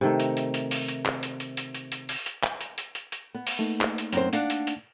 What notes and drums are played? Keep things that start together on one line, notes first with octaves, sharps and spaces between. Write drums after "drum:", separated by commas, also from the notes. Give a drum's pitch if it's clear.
C3 D#3 A3
drum: hi-hat
drum: hi-hat
drum: hi-hat
drum: open hi-hat
drum: hi-hat
drum: clap
drum: hi-hat
drum: hi-hat
drum: hi-hat
drum: hi-hat
drum: hi-hat
drum: open hi-hat
drum: hi-hat
drum: clap
drum: hi-hat
drum: hi-hat
drum: hi-hat
drum: hi-hat
B3
drum: open hi-hat
A3 A#3 D#4
drum: clap
drum: hi-hat
F#2 C4 C5, drum: hi-hat
D4 F5 F#5, drum: hi-hat
drum: hi-hat
drum: hi-hat